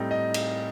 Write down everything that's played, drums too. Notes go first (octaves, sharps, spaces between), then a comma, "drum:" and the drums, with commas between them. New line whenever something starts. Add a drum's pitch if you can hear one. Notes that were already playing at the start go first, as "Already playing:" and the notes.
Already playing: A2 G3 C4 D#4
D#5
drum: cymbal